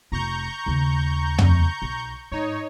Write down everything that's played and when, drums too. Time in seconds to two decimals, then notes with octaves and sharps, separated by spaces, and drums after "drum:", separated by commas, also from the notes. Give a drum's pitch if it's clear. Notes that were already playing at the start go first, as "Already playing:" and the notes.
0.12 F1 F4 A#5 C#6 G6
0.66 D#2 C#3
1.38 drum: tom
1.82 B1
2.32 G#2 D#4 C#5